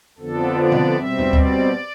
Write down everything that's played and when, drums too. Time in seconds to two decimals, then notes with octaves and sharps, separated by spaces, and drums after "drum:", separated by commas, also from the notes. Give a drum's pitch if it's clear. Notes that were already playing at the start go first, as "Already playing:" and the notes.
0.18 F2 D3 F3 B3 D4 A4
0.57 D5
0.72 drum: tom B2
0.95 B2 G3 C4 E5
1.19 drum: tom E2
1.33 D5, drum: kick D2